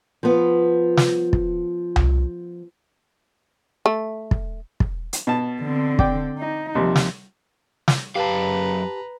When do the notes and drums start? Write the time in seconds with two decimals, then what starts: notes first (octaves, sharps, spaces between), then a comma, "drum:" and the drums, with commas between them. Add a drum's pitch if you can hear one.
0.23 F3 B3
0.97 drum: snare
1.33 drum: kick
1.96 drum: tom C2
3.86 A3
4.31 drum: kick
4.80 drum: kick
5.13 drum: hi-hat
5.27 B2 A5
5.62 D3 C4
5.99 D5 G5, drum: kick
6.39 D#4
6.75 D#2 C3 F3 G3
6.96 drum: snare
7.88 drum: snare
8.15 F#2 G4 B4 F5 A5 A#5